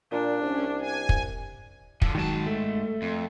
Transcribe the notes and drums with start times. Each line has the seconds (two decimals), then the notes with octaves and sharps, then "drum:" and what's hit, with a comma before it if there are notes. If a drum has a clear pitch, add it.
0.12 A#2 D4
0.42 C2 C#4
0.80 G#5
1.09 drum: kick
2.02 D3 F3, drum: kick
2.15 G#2 D#3 F#3 A5
2.46 A3
3.02 F2